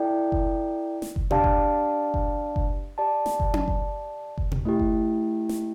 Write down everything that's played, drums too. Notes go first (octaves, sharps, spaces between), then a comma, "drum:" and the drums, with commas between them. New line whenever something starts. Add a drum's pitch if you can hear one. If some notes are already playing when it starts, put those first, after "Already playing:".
Already playing: E4 A4 D5 G5
drum: kick F#1
drum: snare
drum: kick F#1
D4 G4 D5 F5 A5, drum: tom
drum: kick F#1
drum: kick F#1
drum: kick F#1
G4 D5 A5
drum: snare
drum: kick F#1
drum: tom C#4
drum: kick F#1
drum: kick F#1
drum: tom
A3 E4 G4
drum: kick F#1
drum: snare